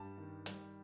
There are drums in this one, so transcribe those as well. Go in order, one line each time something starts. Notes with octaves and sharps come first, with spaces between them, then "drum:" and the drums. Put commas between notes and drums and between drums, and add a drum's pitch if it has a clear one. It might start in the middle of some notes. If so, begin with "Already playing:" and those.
Already playing: G2 G3 A5
D#3
G3, drum: hi-hat